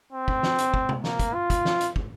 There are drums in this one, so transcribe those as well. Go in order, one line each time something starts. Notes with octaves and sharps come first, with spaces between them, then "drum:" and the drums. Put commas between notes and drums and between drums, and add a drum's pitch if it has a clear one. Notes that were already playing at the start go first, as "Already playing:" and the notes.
C4
drum: kick
drum: snare
drum: hi-hat
drum: kick
drum: tom C3
A#3, drum: snare
drum: kick, hi-hat
F4
drum: kick, hi-hat
drum: snare
drum: hi-hat
drum: kick